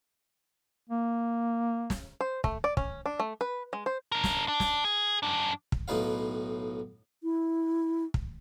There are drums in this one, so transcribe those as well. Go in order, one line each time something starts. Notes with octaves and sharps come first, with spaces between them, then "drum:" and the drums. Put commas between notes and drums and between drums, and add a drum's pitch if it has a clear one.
A#3
drum: snare
C5
A3, drum: kick
D5
C#4, drum: kick
D4
A3
B4
G#3
C5
D4 A#4
drum: snare
D4
drum: snare
G#4
F#2 D4
drum: kick
B1 A2 D#4 B4 F5
E4
drum: kick